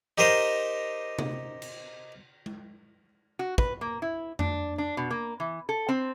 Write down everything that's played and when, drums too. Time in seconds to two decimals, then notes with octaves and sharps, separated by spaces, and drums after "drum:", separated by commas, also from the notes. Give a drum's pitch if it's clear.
0.18 D#4 G4 A#4 C5 D#5 F5
1.19 drum: tom C3
1.62 drum: cymbal
2.46 drum: tom G#3
3.39 F#4
3.58 B4, drum: kick
3.81 A#3
4.02 E4
4.39 D4, drum: tom F2
4.78 D4
4.97 B2
5.11 A#3
5.40 E3
5.69 A4
5.89 C4